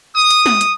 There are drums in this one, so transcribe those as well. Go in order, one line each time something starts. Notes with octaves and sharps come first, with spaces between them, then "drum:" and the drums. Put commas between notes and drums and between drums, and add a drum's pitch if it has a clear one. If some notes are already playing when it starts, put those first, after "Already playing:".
D#6
drum: hi-hat
drum: snare
drum: hi-hat